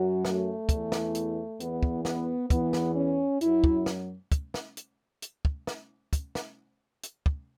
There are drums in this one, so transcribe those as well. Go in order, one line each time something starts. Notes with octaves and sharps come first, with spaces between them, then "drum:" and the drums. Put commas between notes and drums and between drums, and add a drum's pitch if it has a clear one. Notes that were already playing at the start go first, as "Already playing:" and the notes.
Already playing: F#2 F#3 F#4
A3, drum: snare
E2 E3, drum: kick, hi-hat
drum: snare
drum: hi-hat
E2 E3 B3, drum: hi-hat
drum: kick
B3, drum: snare
E2 E3 B3, drum: kick, hi-hat
drum: snare
C#4
F#2 F#3 E4, drum: hi-hat
drum: kick
drum: snare
drum: kick, hi-hat
drum: snare
drum: hi-hat
drum: hi-hat
drum: kick
drum: snare
drum: kick, hi-hat
drum: snare
drum: hi-hat
drum: kick